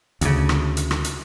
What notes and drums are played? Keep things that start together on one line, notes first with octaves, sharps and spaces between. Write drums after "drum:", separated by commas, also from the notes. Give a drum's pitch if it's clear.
D2 C#3, drum: hi-hat
drum: rim click
drum: hi-hat
drum: rim click
drum: hi-hat